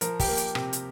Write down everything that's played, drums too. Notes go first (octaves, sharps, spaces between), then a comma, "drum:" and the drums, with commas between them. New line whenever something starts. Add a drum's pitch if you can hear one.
F3 A#4, drum: hi-hat
G4, drum: kick, open hi-hat
A#3
drum: hi-hat
C3, drum: rim click
drum: hi-hat